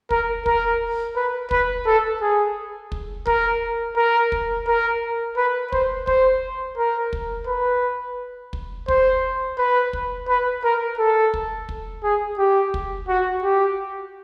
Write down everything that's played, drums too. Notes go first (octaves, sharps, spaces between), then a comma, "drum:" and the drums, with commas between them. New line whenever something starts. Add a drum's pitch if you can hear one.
A#4, drum: kick
A#4, drum: kick
B4
B4, drum: kick
A4
G#4
drum: kick
A#4, drum: kick
A#4
drum: kick
A#4
B4
C5, drum: kick
C5, drum: kick
A#4
drum: kick
B4
drum: kick
C5, drum: kick
B4
drum: kick
B4
A#4
A4
drum: kick
drum: kick
G#4
G4
drum: kick
F#4
G4